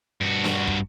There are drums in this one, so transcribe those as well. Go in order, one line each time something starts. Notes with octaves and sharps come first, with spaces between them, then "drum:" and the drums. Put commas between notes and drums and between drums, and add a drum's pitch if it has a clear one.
G2 F#4
drum: snare D4
drum: kick